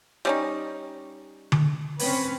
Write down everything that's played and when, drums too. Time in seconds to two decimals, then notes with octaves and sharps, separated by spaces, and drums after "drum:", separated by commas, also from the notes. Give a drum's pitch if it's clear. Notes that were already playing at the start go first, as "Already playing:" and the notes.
0.25 G3 C#4 D#4
1.52 drum: tom D3
1.99 C4 C#4 B4, drum: open hi-hat